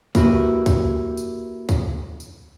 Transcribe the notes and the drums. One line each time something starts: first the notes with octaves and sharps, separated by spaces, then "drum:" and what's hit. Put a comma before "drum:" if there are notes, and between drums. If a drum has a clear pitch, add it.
A#3 E4 F#4 G4 B4, drum: kick C#2, tambourine
drum: kick C#2, tambourine
drum: tambourine
drum: kick C#2, tambourine
drum: tambourine